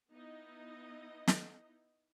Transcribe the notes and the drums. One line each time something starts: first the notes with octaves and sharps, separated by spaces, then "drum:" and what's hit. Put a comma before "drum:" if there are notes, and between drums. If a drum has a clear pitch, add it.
B3 D#4 E4 D#5
drum: snare